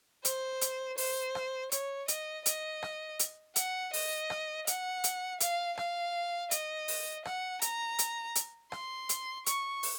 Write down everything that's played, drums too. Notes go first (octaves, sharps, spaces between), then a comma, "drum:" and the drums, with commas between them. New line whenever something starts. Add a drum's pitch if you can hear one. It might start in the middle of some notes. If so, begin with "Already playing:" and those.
C5, drum: hi-hat
drum: hi-hat
C5, drum: open hi-hat
drum: rim click
C#5, drum: hi-hat
D#5, drum: hi-hat
D#5, drum: hi-hat
drum: rim click
drum: hi-hat
F#5, drum: hi-hat
D#5, drum: open hi-hat
drum: rim click
F#5, drum: hi-hat
drum: hi-hat
F5, drum: hi-hat
F5, drum: rim click
D#5, drum: hi-hat
drum: open hi-hat
F#5, drum: rim click
A#5, drum: hi-hat
drum: hi-hat
drum: hi-hat
C6, drum: rim click
drum: hi-hat
C#6, drum: hi-hat
drum: open hi-hat